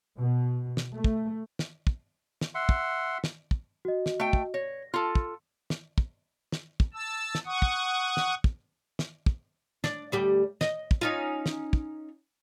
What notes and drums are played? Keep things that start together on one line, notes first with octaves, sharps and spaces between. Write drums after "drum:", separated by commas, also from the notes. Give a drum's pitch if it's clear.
B2
drum: snare
A3
drum: kick
drum: snare
drum: kick
drum: snare
E5 F#5 C6
drum: kick
drum: snare
drum: kick
F#4 D#5
drum: snare
A3 G5
drum: kick
C#5 A#6
F4 A4
drum: kick
drum: snare
drum: kick
drum: snare
drum: kick
A5 E6
drum: snare
F#5 C#6 D#6
drum: kick
drum: snare
drum: kick
drum: snare
drum: kick
D4, drum: snare
D2 G3 G4
D#5, drum: snare
drum: kick
C#4 D#4 F4
drum: snare
drum: kick